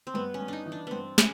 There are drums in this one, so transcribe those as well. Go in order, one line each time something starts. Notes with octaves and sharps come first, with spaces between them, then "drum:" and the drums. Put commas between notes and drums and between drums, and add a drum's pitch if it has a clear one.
C4
G2 B3
C#4
G2
D4 D#4
E3
D4
G2 B3 C4
C#4, drum: snare